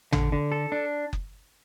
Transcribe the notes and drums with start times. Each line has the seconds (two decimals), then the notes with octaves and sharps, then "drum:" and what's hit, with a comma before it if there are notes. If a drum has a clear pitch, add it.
0.13 D3, drum: tom
0.32 D3
0.52 A4
0.72 D4
1.13 drum: kick F#1